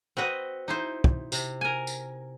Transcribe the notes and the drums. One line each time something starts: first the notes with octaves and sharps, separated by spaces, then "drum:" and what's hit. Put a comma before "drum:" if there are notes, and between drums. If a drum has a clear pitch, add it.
C4 F#4 B4 D#5
D#4 E4 C5
drum: kick
C3, drum: tambourine
A#4 G#5
drum: tambourine